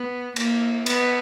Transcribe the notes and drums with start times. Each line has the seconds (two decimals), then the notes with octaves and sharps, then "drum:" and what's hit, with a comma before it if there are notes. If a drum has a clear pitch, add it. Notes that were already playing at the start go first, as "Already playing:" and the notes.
Already playing: B3
0.36 A#3, drum: cymbal
0.86 B3, drum: cymbal